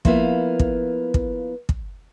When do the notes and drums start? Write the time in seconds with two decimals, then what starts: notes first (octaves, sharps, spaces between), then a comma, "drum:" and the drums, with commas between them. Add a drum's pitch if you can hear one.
0.05 F3 A#3 B3 E4 B4 F5, drum: kick
0.59 drum: kick
1.14 drum: kick
1.69 drum: kick